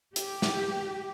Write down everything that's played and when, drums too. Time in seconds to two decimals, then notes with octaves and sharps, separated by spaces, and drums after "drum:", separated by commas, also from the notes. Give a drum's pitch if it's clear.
0.16 G4, drum: hi-hat
0.42 drum: snare